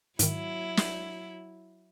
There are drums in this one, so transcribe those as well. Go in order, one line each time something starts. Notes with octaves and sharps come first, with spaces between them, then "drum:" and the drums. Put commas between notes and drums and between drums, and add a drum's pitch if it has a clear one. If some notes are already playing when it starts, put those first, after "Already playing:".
G#2 D#3 F#3 E4, drum: hi-hat
drum: snare